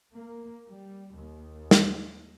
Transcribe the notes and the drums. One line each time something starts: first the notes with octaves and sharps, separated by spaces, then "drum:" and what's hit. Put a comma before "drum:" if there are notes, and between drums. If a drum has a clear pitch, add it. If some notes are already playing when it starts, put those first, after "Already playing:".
A#3
G3
D#2
drum: snare